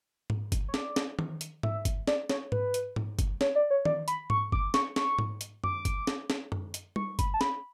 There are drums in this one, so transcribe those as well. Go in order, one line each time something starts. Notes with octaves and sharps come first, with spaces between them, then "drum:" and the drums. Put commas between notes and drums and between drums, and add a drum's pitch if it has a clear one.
drum: tom G#2
drum: kick G1, hi-hat
C#5
D5, drum: snare
drum: snare
drum: tom D#3
drum: hi-hat
E5, drum: tom G#2
drum: kick G1, hi-hat
D5, drum: snare
C#5, drum: snare
B4, drum: tom G#2
drum: hi-hat
drum: tom G#2
drum: kick G1, hi-hat
C#5, drum: snare
D5
C#5
D5, drum: tom D#3
B5, drum: hi-hat
C#6, drum: tom G#2
D6, drum: kick G1
C#6, drum: snare
C#6, drum: snare
drum: tom G#2
drum: hi-hat
D6, drum: tom F#2
drum: kick G1, hi-hat
drum: snare
drum: snare
drum: tom F#2
drum: hi-hat
C#6, drum: tom G3
B5, drum: kick G1, hi-hat
A5
B5, drum: snare